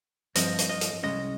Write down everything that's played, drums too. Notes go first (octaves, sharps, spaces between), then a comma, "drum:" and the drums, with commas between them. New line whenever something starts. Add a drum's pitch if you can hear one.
G2 F3 C4 D#5, drum: hi-hat
drum: hi-hat
D#5
drum: hi-hat
C2 A#2 G#3 C#4 D#5